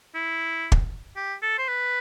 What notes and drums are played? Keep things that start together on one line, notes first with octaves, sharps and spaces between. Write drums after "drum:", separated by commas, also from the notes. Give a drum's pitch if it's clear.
E4
drum: kick
G4
A4
C5
B4